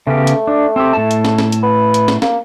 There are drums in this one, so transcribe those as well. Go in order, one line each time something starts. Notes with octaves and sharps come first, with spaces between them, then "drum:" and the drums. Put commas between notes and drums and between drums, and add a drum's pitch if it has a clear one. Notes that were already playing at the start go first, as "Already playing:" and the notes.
C#3 A3 B3 G4
drum: hi-hat
D4
C4 G4
A2 A5
drum: hi-hat
drum: snare
drum: snare
drum: hi-hat
B4
drum: hi-hat
drum: snare
A#3, drum: snare